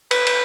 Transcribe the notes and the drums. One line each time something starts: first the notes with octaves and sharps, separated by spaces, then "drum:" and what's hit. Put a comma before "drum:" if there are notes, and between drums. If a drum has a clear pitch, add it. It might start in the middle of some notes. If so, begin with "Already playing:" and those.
B4, drum: cymbal
drum: cymbal